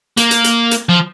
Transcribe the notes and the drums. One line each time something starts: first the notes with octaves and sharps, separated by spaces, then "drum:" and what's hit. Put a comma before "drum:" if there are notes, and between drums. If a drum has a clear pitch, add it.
A#3, drum: hi-hat
drum: hi-hat
drum: hi-hat
drum: hi-hat
F3